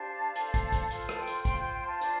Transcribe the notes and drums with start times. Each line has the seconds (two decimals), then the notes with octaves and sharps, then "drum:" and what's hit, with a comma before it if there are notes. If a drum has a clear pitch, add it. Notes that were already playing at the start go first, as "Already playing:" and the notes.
Already playing: D4 G4 C5 F5 A5
0.36 D4 A4 C5, drum: hi-hat
0.54 drum: kick, hi-hat
0.72 drum: kick, hi-hat
0.91 F4 A4 C5 F5 A5, drum: hi-hat
1.09 drum: rim click
1.18 G5 C6
1.27 drum: hi-hat
1.45 F4 C5 G5 C6, drum: kick, hi-hat
1.59 G5 C6
1.73 G5 C6
1.87 F5 A5
2.01 D4 F4 C5, drum: hi-hat